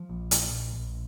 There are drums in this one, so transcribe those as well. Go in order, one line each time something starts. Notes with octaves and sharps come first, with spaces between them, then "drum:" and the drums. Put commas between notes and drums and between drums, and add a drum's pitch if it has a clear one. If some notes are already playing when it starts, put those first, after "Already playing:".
Already playing: F3
A#1
A#2, drum: hi-hat
A#1
A#1